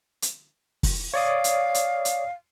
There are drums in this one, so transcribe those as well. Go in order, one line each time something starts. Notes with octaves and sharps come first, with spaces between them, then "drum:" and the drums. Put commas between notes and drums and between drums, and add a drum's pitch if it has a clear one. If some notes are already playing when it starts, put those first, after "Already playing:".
drum: hi-hat
drum: kick, open hi-hat
C#5 D5 F5 D#6
drum: hi-hat
drum: hi-hat
drum: hi-hat